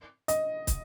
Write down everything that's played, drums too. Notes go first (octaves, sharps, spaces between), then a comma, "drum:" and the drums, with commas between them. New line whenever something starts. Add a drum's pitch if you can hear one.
D#5, drum: hi-hat
drum: kick, hi-hat